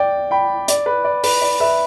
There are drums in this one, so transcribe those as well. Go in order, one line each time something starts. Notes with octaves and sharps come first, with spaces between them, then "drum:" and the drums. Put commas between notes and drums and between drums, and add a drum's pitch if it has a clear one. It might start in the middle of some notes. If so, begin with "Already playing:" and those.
Already playing: D5 G5
G5 B5
D5, drum: hi-hat
B4
D5
B4, drum: open hi-hat
D5
B4 E5